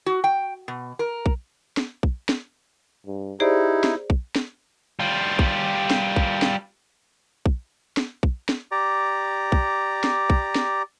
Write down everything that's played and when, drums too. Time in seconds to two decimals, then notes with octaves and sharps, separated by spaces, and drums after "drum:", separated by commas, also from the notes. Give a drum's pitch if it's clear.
0.06 F#4
0.24 G5
0.68 B2
0.99 A#4
1.26 drum: kick
1.77 drum: snare
2.03 drum: kick
2.29 drum: snare
3.06 G2
3.40 D#4 E4 G4 G#4 C5 D5
3.84 drum: snare
4.10 drum: kick
4.36 drum: snare
5.00 G3 F4
5.39 drum: kick
5.91 drum: snare
6.16 drum: kick
6.42 drum: snare
7.46 drum: kick
7.97 drum: snare
8.23 drum: kick
8.49 drum: snare
8.71 G4 D5 A#5
9.52 drum: kick
10.04 drum: snare
10.30 drum: kick
10.55 drum: snare